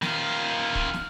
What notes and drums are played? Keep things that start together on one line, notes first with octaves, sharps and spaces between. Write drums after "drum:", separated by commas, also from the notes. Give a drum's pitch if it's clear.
D#3 F4, drum: snare
drum: kick
drum: snare